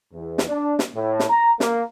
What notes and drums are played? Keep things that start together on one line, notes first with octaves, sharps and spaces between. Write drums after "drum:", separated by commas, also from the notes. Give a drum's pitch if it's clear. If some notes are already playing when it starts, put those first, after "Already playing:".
E2
drum: snare
D4
drum: snare
A2
drum: snare
A#5
A#3, drum: snare